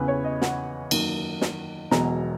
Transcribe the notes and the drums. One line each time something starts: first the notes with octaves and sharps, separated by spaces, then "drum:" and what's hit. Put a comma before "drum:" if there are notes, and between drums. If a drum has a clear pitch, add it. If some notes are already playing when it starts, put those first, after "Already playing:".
Already playing: E2 C#3 E3 B4
C#5
D#5
F#5, drum: snare
F#2 D#3 A#3, drum: cymbal
drum: snare
E1 E2 B2 F#3 A#5, drum: snare